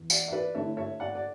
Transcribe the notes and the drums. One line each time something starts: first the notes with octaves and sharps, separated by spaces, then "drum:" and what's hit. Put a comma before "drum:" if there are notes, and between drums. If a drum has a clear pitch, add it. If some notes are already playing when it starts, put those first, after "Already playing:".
Already playing: E2
D5 F#5, drum: tambourine
E5
B4 D5
D3 A3 E4 C#5 E5
C#5 E5
D5 F#5
D5